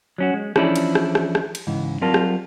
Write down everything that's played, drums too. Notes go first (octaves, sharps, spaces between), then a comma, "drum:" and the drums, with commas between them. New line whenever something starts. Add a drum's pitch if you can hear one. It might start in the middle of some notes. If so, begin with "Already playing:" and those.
F#3 C#4 F#4
G#3
E3 F3 C#4 D4 E4, drum: rim click
drum: cymbal
drum: rim click
drum: rim click
drum: rim click
drum: cymbal
C#2 G#2 E3
F#3 G3 C4 F4 A#4 A5
drum: rim click